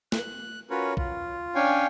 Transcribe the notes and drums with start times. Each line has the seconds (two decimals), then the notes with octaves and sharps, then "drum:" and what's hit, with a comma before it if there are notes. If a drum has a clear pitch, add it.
0.12 F#6, drum: snare
0.70 C#4 F4 F#4 A#4 B4 C#5
0.97 F4, drum: kick
1.55 C#4 D4 C#5 F5 G5 G#5